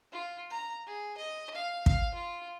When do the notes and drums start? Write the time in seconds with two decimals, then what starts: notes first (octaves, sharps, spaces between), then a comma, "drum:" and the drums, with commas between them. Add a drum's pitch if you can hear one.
0.12 F4
0.51 A#5
0.86 G#4
1.17 D#5
1.55 F5
1.86 F5, drum: kick
2.14 F4